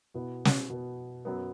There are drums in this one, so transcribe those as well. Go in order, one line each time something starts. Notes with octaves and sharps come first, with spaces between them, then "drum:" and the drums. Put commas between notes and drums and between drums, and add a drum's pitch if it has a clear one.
B2 B3 E4
drum: snare
B2 B3
F#2 F#3 B3